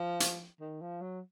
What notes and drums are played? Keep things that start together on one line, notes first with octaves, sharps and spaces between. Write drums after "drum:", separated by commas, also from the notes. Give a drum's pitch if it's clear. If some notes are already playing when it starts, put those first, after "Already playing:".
Already playing: F3
drum: hi-hat
D#3
F3
F#3